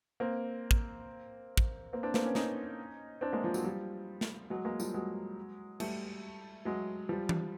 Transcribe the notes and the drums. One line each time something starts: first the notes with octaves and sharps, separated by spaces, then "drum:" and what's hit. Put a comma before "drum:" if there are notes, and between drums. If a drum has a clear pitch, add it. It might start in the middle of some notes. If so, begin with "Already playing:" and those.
A#3 C4
drum: kick
drum: kick
A#3 C4
C4 D4
A#3 C4, drum: snare
B3 C#4
C#4 D#4, drum: snare
C4 D4
G#3 A#3
F3
F#3, drum: tambourine
F3 G3
drum: snare
F#3 G#3
G#3 A#3
F3 G3, drum: tambourine
F#3 G#3
G3 A3, drum: cymbal
F#3 G#3
F3 G3
drum: tom E3